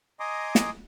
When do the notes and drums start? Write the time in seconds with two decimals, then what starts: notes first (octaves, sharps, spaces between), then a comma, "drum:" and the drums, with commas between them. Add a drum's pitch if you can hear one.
0.20 D#5 G#5 A#5 C6 D6 D#6
0.55 drum: snare